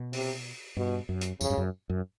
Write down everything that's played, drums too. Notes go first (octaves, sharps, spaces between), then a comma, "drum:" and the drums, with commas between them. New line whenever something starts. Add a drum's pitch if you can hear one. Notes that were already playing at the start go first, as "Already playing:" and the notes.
Already playing: B2
C3, drum: open hi-hat
G2 B2
F#2
drum: hi-hat
F2 C#3, drum: tambourine
G2
F#2
F#2